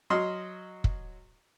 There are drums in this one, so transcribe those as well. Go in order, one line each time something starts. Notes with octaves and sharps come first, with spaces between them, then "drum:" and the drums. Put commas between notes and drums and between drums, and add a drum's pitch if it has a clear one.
F#3 D#5 C6 F6
drum: kick